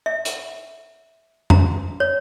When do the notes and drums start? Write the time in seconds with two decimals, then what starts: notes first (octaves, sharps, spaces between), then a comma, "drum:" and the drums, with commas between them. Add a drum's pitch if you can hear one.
0.06 E5
0.25 drum: hi-hat
1.50 A#5, drum: tom F2
2.00 C#5